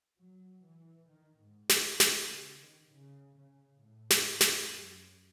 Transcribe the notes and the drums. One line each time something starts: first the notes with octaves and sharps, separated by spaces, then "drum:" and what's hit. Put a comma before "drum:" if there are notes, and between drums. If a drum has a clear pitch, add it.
F#3
E3
D#3
G#2
A2, drum: snare
B2, drum: snare
C#3
D#3
C#3
C#3
A2
drum: snare
G#2
drum: snare
F#2